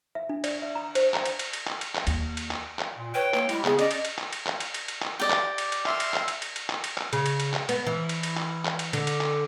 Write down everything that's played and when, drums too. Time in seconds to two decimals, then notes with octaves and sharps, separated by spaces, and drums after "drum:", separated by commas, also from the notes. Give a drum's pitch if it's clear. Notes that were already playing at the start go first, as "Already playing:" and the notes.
0.15 E5
0.29 D4
0.44 D5, drum: cymbal
0.62 E5
0.75 A#5
0.95 C5, drum: cymbal
1.14 A#5, drum: clap
1.25 drum: cymbal
1.39 drum: cymbal
1.53 drum: cymbal
1.67 drum: clap
1.81 drum: cymbal
1.95 drum: clap
2.07 D#2, drum: cymbal
2.37 drum: cymbal
2.51 drum: clap
2.79 drum: clap
2.97 A#2
3.14 B4 C#5 G5
3.34 A#3, drum: clap
3.49 G3 G#3 E4 G4, drum: cymbal
3.65 C#3 B3 G#4, drum: clap
3.79 C#4 D5 D#5, drum: cymbal
3.91 drum: cymbal
4.05 drum: cymbal
4.19 drum: clap
4.33 drum: cymbal
4.46 drum: clap
4.60 drum: cymbal
4.74 drum: cymbal
4.88 drum: cymbal
5.02 drum: clap
5.20 G4 D5 D#5
5.30 drum: clap
5.58 drum: cymbal
5.72 drum: cymbal
5.86 E5 C6 F6, drum: clap
6.00 drum: cymbal
6.14 drum: clap
6.28 drum: cymbal
6.42 drum: cymbal
6.56 drum: cymbal
6.70 drum: clap
6.84 drum: cymbal
6.98 drum: clap
7.13 C#3, drum: cymbal
7.26 drum: cymbal
7.40 drum: cymbal
7.54 drum: clap
7.69 B3, drum: cymbal
7.87 E3
8.09 drum: cymbal
8.23 drum: cymbal
8.37 drum: clap
8.65 drum: clap
8.79 drum: cymbal
8.93 D3, drum: cymbal
9.07 drum: cymbal
9.21 drum: clap